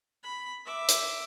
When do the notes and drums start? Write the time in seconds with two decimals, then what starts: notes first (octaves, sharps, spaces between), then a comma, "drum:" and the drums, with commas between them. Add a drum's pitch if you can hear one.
0.24 B5
0.66 E5 D6
0.89 drum: hi-hat